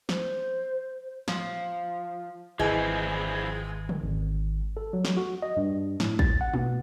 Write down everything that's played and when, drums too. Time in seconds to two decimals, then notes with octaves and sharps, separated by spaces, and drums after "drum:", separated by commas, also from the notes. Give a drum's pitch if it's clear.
0.09 C5, drum: snare
1.28 F3, drum: snare
2.60 G#1 E3 F3 G#3 C4 E4
3.89 drum: tom C#3
4.04 G#1
4.77 A4
4.93 F#3
5.05 drum: snare
5.17 F#4
5.42 D#5
5.57 G2
6.00 A2, drum: snare
6.19 A6, drum: kick
6.41 F#5
6.54 B2, drum: tom